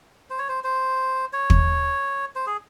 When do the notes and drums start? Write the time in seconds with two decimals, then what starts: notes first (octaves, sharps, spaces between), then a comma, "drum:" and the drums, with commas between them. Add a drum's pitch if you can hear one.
0.30 C5
0.39 C#5
0.48 C5
0.64 C5
1.33 C#5
1.50 drum: kick
2.35 C5
2.47 G#4